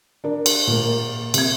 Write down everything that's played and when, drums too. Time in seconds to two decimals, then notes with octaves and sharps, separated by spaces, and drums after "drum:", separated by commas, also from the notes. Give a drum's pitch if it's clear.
0.24 D4 A#4
0.46 drum: cymbal
0.67 A#2 A#3
1.34 C3 G#6, drum: cymbal